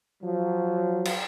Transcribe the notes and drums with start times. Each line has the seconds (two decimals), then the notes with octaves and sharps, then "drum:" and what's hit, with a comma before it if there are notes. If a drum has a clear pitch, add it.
0.23 F3 F#3
1.05 drum: cymbal